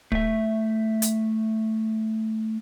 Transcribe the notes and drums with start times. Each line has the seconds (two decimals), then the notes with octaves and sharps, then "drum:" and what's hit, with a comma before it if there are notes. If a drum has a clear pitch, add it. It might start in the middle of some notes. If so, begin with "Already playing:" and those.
0.12 A3 E5, drum: kick
1.02 drum: hi-hat